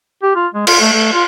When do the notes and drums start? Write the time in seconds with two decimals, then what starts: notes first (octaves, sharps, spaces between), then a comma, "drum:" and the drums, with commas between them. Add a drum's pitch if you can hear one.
0.23 G4
0.36 F4
0.54 G#3
0.67 F4, drum: cymbal
0.81 A3
0.93 A3
1.13 F4